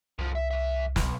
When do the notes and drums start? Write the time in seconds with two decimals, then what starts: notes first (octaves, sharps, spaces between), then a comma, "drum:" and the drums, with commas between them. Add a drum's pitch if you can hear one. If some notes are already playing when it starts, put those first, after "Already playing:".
0.19 C2 F#2 F3
0.35 E5
0.51 E2 E5
0.96 B1, drum: snare